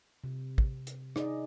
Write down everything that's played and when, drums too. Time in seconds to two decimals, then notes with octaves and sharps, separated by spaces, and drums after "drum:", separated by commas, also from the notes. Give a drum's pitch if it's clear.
0.24 C3
0.58 drum: kick
0.87 drum: hi-hat
1.16 D#4 G#4 D5 D#5, drum: rim click